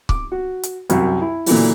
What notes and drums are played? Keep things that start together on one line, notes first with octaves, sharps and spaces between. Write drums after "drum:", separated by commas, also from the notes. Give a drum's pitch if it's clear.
D6, drum: kick C#1
F#4
drum: hi-hat
C2 F#2, drum: hi-hat
E4
A#2 D3 E3 F#3, drum: open hi-hat